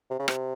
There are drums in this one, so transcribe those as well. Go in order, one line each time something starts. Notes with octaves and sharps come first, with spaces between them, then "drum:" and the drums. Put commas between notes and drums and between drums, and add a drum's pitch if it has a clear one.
C3
C#3
C3, drum: rim click